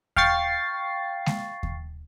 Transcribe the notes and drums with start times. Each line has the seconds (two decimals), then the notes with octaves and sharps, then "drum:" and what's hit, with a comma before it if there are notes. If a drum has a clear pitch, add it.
0.16 F5 G5 C#6 A6 C7, drum: kick D#2
1.26 drum: snare G#3
1.63 drum: kick D#2